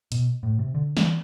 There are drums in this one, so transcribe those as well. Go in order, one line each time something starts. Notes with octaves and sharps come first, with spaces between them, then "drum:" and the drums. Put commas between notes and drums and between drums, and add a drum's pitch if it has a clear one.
B2, drum: hi-hat
A2
C3
D3
E3, drum: snare